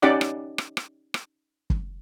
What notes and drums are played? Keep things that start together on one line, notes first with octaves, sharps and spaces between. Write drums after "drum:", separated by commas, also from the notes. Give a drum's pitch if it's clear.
C#4 D#4 G4 D5 F#5 D6
drum: rim click
drum: rim click
drum: rim click
drum: rim click
drum: kick